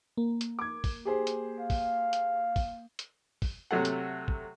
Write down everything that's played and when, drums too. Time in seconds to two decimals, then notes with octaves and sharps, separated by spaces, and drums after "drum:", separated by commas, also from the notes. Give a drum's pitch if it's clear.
0.17 A#3
0.41 drum: hi-hat
0.59 D6 G#6
0.84 drum: kick, open hi-hat
1.05 G4 G#4 C5
1.27 drum: hi-hat
1.60 F5
1.70 drum: kick, open hi-hat
2.13 drum: hi-hat
2.56 drum: kick, open hi-hat
2.99 drum: hi-hat
3.42 drum: kick, open hi-hat
3.71 C3 F#3 A3 F#5
3.85 drum: hi-hat
4.28 drum: kick